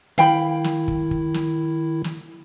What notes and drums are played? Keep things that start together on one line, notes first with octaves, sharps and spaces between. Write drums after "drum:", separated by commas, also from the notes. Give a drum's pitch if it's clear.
D#3 E4 F5 G5 B5, drum: snare
drum: snare
drum: kick
drum: kick
drum: snare
drum: snare